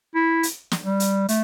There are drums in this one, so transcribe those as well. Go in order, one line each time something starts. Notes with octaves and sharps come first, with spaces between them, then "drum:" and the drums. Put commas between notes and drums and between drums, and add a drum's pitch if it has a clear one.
E4
drum: hi-hat
drum: snare
G3
drum: hi-hat
A3, drum: hi-hat